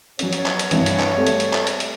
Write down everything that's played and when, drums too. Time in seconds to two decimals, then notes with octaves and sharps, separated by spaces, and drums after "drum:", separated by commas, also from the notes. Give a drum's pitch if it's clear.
0.19 F#3 B3 C#4 G#4 C#5, drum: hi-hat
0.33 drum: hi-hat
0.46 drum: clap
0.59 drum: hi-hat
0.71 C2 G2 E3, drum: hi-hat
0.86 drum: hi-hat
1.00 drum: clap
1.17 G3 A3 C4
1.27 drum: hi-hat
1.40 drum: hi-hat
1.53 drum: clap
1.67 drum: hi-hat
1.80 drum: hi-hat